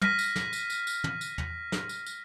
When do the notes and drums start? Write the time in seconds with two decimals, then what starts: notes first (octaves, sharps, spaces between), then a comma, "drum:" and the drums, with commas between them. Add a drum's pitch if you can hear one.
0.02 F6 A#6 B6 D#7, drum: tom
0.19 drum: tambourine
0.36 drum: snare
0.53 drum: tambourine
0.70 drum: tambourine
0.87 drum: tambourine
1.04 drum: tom
1.21 drum: tambourine
1.38 drum: tom
1.72 drum: snare
1.89 drum: tambourine
2.06 drum: tambourine